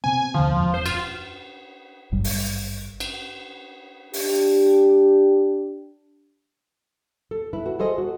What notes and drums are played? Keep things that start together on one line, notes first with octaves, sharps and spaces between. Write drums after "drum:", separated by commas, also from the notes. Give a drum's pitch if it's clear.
C3 B3 C4 G#5
D#2 D3 F3
E1 F#2
C5
F4, drum: cymbal
G#1 G2 F#3 G3
drum: open hi-hat
drum: cymbal
D4 G4, drum: open hi-hat
A4
E4 B4
F#4
G#4 A4 C5 D#5
F#4